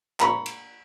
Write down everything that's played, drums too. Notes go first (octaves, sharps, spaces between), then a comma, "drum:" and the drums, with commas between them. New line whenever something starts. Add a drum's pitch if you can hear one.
A#5 B5 C#6, drum: clap
drum: cymbal